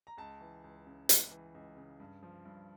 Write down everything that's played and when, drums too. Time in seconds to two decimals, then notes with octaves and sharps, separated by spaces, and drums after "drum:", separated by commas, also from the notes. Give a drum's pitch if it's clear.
0.07 A#5
0.17 C#2 A5
0.41 E3
0.64 C#2
0.86 C#3
1.09 C#2, drum: hi-hat
1.31 E3
1.54 C#2
1.77 C#3
2.00 G2
2.23 F3
2.45 G2